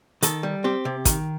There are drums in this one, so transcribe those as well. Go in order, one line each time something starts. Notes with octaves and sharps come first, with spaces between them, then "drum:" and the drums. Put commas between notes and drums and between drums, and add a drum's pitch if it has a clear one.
D#3 A4, drum: hi-hat
G3
C4 G4
C3
D#3, drum: kick, hi-hat